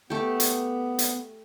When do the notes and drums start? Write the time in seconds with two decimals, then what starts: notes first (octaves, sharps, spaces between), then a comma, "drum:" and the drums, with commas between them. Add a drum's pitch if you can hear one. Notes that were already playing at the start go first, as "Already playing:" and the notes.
0.10 A3 B3 G4
0.40 drum: hi-hat
0.99 drum: hi-hat